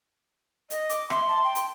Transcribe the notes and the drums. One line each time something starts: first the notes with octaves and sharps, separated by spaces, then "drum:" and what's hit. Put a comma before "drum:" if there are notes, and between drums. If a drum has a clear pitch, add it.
D#5, drum: hi-hat
D6, drum: hi-hat
E5 C6, drum: rim click
A5
G5
drum: hi-hat